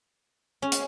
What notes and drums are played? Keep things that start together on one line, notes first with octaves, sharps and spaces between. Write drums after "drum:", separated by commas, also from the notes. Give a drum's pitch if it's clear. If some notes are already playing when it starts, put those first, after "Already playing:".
C#4
drum: hi-hat